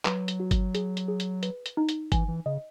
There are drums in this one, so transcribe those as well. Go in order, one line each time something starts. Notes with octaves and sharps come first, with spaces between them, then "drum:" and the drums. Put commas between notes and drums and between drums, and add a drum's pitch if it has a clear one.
F#3 B4, drum: clap
drum: hi-hat
F#4
drum: kick G1, hi-hat
G#4, drum: hi-hat
drum: hi-hat
G#4
drum: hi-hat
B4, drum: hi-hat
drum: hi-hat
D#4
drum: hi-hat
E3 G#5, drum: kick G1, hi-hat
E3
C#3 D#5